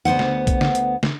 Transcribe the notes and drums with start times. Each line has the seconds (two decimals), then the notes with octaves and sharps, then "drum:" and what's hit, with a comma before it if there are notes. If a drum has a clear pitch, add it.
0.05 D2 B3 C5 F#5
0.19 drum: snare
0.47 drum: kick A#1, hi-hat
0.61 drum: snare
0.75 drum: hi-hat
1.03 drum: snare